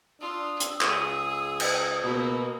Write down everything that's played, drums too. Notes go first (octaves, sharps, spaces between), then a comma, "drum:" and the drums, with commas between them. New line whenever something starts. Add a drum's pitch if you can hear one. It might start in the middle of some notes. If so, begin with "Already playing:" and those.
D4 F4 D#6 E6
drum: hi-hat
C#2 G#4, drum: clap
drum: cymbal
B2 A#3